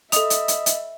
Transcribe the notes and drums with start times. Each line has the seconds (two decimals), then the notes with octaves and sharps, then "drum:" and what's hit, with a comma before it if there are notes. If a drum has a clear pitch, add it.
0.12 A4 D#5 E5 B5 D#6 F7, drum: hi-hat
0.30 drum: hi-hat
0.48 drum: hi-hat
0.66 drum: hi-hat